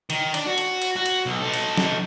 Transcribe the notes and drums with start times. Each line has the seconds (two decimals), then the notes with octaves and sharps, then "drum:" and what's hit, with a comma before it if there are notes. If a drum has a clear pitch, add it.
0.10 D#3, drum: cymbal
0.34 D4 D5, drum: cymbal
0.46 F#4
0.58 drum: cymbal
0.82 drum: cymbal
0.96 F#4
1.06 drum: cymbal
1.26 B1
1.42 D#4 A4
1.54 drum: cymbal
1.77 drum: snare